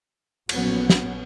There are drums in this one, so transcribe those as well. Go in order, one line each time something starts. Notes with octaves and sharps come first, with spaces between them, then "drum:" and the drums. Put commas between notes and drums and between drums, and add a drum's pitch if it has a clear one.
A#1 A#2 F#3 B3 C#4, drum: cymbal
drum: snare